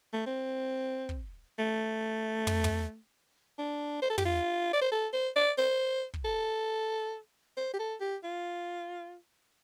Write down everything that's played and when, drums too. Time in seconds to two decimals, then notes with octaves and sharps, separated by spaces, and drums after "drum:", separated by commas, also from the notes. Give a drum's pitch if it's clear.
0.13 A3
0.27 C4
1.09 drum: kick
1.59 A3
2.47 drum: tom
2.64 drum: tom
3.59 D4
4.02 C5
4.10 A4
4.18 G4, drum: tom
4.25 F4
4.73 D5
4.81 C5
4.92 A4
5.13 C5
5.36 D5
5.58 C5
6.14 drum: kick
6.25 A4
7.57 C5
7.74 G4
7.79 A4
8.01 G4
8.24 F4